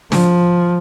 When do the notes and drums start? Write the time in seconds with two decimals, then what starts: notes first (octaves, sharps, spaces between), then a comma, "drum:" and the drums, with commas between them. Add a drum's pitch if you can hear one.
0.12 F3, drum: snare